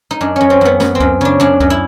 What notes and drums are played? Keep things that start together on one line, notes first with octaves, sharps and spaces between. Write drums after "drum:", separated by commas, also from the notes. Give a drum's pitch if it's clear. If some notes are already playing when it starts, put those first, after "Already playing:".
D#4
F#2 D4
F#2 C#4
C4
F#2 B3
F#2 B3, drum: snare
C4
F#2, drum: kick C#2
C#3 D4
F#2 D4
F#2, drum: kick C#2
E4